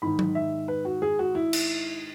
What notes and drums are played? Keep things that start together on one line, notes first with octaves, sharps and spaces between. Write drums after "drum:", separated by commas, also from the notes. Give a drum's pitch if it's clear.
G#2 D#3 B5
drum: tom F#3
E5
B4
F#4
G#4
F#4
E4
drum: cymbal